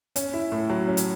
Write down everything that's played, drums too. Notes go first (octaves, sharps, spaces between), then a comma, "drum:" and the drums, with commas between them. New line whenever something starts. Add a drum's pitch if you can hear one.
C#4, drum: hi-hat
E4
A2
F#3
C#4
drum: hi-hat